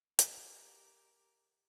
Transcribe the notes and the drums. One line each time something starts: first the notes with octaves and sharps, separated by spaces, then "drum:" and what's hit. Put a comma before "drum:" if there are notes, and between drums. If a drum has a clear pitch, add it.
G4 A#4, drum: hi-hat